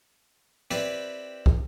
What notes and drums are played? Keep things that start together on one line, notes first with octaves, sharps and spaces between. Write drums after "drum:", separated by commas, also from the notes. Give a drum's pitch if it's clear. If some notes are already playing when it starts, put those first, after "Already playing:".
C4 E4 G4 B4 D5
drum: kick